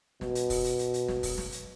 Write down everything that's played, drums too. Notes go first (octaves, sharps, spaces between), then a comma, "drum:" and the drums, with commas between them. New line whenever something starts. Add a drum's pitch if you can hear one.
B2, drum: snare
drum: hi-hat
drum: kick, open hi-hat
drum: hi-hat
drum: hi-hat
drum: hi-hat
drum: snare
drum: kick, open hi-hat
drum: snare
drum: hi-hat